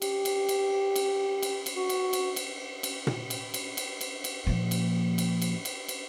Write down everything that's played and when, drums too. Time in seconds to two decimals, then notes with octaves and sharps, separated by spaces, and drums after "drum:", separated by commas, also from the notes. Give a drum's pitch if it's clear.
0.02 G4, drum: cymbal
0.25 drum: cymbal
0.49 drum: cymbal
0.96 drum: cymbal
1.42 drum: cymbal
1.66 drum: cymbal
1.76 F#4
1.89 drum: cymbal
2.13 drum: cymbal
2.36 drum: cymbal
2.83 drum: cymbal
3.07 drum: tom A#2
3.30 drum: cymbal
3.54 drum: cymbal
3.77 drum: cymbal
4.01 drum: cymbal
4.24 drum: cymbal
4.47 A#2 F3
4.71 drum: cymbal
5.18 drum: cymbal
5.42 drum: cymbal
5.65 drum: cymbal
5.88 drum: cymbal